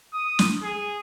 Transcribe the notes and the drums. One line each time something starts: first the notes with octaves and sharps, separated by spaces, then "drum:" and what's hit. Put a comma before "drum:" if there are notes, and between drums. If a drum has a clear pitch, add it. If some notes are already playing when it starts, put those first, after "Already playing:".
D#6
drum: snare
G#4